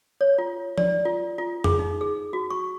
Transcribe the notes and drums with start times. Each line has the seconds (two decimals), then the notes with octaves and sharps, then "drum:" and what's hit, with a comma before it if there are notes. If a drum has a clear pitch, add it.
0.21 C#5
0.38 F4
0.78 D5, drum: tom F3
1.05 F4
1.38 F4
1.64 G#4, drum: tom F2
1.79 D#4
2.01 G#4
2.33 F#4
2.50 C#6